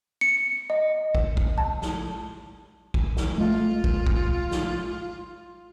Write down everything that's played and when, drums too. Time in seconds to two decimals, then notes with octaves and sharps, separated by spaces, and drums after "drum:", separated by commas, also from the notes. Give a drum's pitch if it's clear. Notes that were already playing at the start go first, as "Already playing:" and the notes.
0.21 C#7
0.70 D#5
1.15 drum: kick
1.37 drum: kick
1.58 A5
1.82 drum: snare
2.94 drum: kick
3.17 drum: snare
3.38 G#3 A3 F4
3.84 drum: kick
4.07 drum: kick
4.51 drum: snare